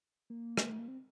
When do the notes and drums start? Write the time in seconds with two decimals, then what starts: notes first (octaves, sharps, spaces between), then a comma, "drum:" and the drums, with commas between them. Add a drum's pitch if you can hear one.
0.30 A#3
0.57 drum: rim click
0.69 A3
0.79 A#3
0.88 C4